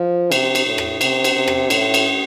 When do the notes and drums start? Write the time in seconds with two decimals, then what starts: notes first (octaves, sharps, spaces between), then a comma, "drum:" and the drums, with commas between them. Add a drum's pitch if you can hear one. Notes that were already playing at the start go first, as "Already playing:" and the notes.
Already playing: F3
0.32 C3, drum: cymbal
0.55 drum: cymbal
0.66 A2
0.78 drum: rim click
1.01 C3, drum: cymbal
1.24 drum: cymbal
1.36 C3
1.48 drum: rim click
1.70 A2, drum: cymbal
1.94 drum: cymbal